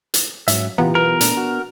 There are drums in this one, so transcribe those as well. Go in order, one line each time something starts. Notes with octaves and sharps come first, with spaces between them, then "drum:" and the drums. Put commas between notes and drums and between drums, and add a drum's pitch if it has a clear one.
drum: hi-hat
G#2 F#3 C#4 E5, drum: hi-hat
A#2 C#3 E3 B3 F4 G4 A#5
B1 A#4 B4
A#2 A3 D4, drum: hi-hat
F#4